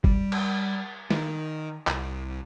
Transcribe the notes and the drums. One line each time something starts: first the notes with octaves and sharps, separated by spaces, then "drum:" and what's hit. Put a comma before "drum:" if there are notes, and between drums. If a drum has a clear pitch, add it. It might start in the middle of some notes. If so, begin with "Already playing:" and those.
G3, drum: kick
drum: cymbal
D#3, drum: snare
C2, drum: clap